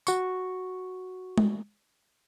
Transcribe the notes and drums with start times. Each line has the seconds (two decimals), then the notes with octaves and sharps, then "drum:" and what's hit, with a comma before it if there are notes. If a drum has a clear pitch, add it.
0.07 F#4 C#6, drum: tambourine
1.38 drum: tom G#3